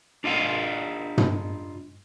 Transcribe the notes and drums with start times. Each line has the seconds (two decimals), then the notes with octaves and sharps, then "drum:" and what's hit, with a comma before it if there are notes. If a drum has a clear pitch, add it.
0.24 D4 F4 D#5 F5
1.18 drum: tom